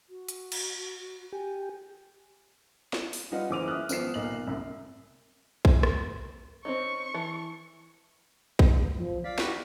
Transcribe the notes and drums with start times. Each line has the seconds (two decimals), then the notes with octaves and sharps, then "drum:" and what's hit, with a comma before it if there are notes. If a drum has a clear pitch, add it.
0.09 F#4
0.29 drum: hi-hat
0.52 drum: cymbal
1.33 G4 G#5
2.93 drum: snare
3.13 drum: open hi-hat
3.31 G3 D#4 F4 B4 F#5
3.50 F#1 E3 C5 D6 D#7 F7
3.68 E5 D#6 F6 F#6
3.89 G#1 F3 B3 C4 C7 E7, drum: tambourine
4.14 B1 A#2 D#5 F#7
4.47 C2 F#2 C3
5.65 drum: kick A#1
5.83 drum: rim click
6.65 C4 C#4 D#4 C#6
7.14 E3 A5
8.59 drum: kick A#1
8.98 F3
9.24 D5 F5 B6
9.38 F#4 G4 B4, drum: snare